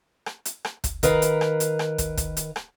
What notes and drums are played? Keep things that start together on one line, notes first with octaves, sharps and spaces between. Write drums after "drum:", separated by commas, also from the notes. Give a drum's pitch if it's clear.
drum: rim click
drum: hi-hat
drum: rim click
drum: kick, hi-hat
D#3 A#4 B4 F5, drum: kick, hi-hat
drum: hi-hat
drum: rim click
drum: hi-hat
drum: rim click
drum: kick, hi-hat
drum: kick, hi-hat
drum: hi-hat
drum: rim click